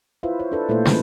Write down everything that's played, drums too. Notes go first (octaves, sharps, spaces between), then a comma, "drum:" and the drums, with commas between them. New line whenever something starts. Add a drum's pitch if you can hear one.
E4 F4 B4 C5 E5
C5 C#5
D4 A4 B4
A#2 A3 E4 F4 A4 C5
C3 E3 G#3 A3 C#4 B4, drum: snare